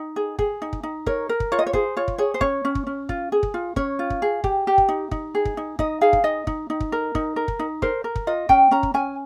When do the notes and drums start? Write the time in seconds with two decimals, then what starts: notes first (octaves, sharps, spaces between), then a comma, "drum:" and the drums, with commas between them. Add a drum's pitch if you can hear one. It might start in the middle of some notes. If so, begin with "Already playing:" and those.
Already playing: D#4
0.16 G#4
0.39 G#4, drum: kick
0.62 D#4
0.73 drum: kick
0.83 D#4
1.06 A#4 C#5, drum: kick
1.29 A#4
1.40 drum: kick
1.52 F4 C#5
1.59 D#5
1.67 C#5
1.73 G#4 C5, drum: kick
1.97 F4 C#5
2.08 drum: kick
2.18 G#4 C#5
2.34 C5
2.41 C#4 C#5, drum: kick
2.65 C#4
2.75 drum: kick
2.87 C#4
3.09 F4, drum: kick
3.32 G#4
3.43 drum: kick
3.54 F4
3.76 C#4 C#5, drum: kick
3.99 F4
4.10 drum: kick
4.22 G#4
4.44 G4, drum: kick
4.67 G4
4.78 drum: kick
4.89 D#4
5.11 D#4, drum: kick
5.35 G#4
5.45 drum: kick
5.57 D#4
5.79 D#4 D#5, drum: kick
6.01 G#4 F5
6.13 drum: kick
6.24 D#4 D#5
6.47 D#4, drum: kick
6.70 D#4
6.80 drum: kick
6.92 A#4
7.15 D#4, drum: kick
7.36 A#4
7.48 drum: kick
7.59 D#4
7.82 A#4 C5, drum: kick
8.04 A#4
8.16 drum: kick
8.27 F4 D#5
8.49 C#4 G5, drum: kick
8.71 C#4 A#5
8.83 drum: kick
8.94 C#4 G#5